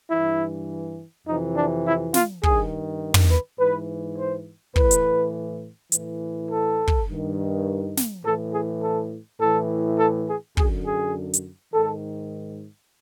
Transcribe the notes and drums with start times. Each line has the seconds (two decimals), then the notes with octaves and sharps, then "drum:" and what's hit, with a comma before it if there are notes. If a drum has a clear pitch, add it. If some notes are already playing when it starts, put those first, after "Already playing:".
0.11 G2 E3 E4
1.27 F2 C3 E3 D#4
1.56 D4
1.85 E4
2.14 F4, drum: snare
2.43 G2 D#3 G#4, drum: kick
3.14 drum: tom
3.31 B4
3.59 G#2 E3 B4
4.18 C5
4.76 A2 E3 B4, drum: kick
4.91 drum: hi-hat
5.92 A2 E3, drum: hi-hat
6.50 A4
6.87 drum: kick
7.08 G2 D#3
7.97 drum: snare
8.24 A2 E3 A4
8.53 G#4
8.82 A4
9.41 A2 E3 A4
9.99 A4
10.28 G#4
10.57 F#2 D3 G#4, drum: kick
10.87 G#4
11.34 drum: hi-hat
11.73 G#2 D#3 A4